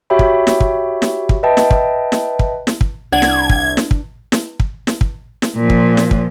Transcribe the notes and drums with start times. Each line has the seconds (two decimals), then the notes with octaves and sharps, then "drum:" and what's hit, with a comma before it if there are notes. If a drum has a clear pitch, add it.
0.10 F#4 G4 C#5 E5 G5 B5
0.19 drum: kick
0.47 drum: snare
0.60 drum: kick
1.02 drum: snare
1.29 drum: kick
1.43 B4 D#5 E5 G5 A5
1.57 drum: snare
1.71 drum: kick
2.12 drum: snare
2.39 drum: kick
2.67 drum: snare
2.81 drum: kick
3.12 C2 D4 F#5 G#6
3.22 drum: snare
3.49 drum: kick
3.77 drum: snare
3.91 drum: kick
4.32 drum: snare
4.60 drum: kick
4.87 drum: snare
5.01 drum: kick
5.42 drum: snare
5.57 A#2 F3
5.70 drum: kick
5.97 drum: snare
6.11 drum: kick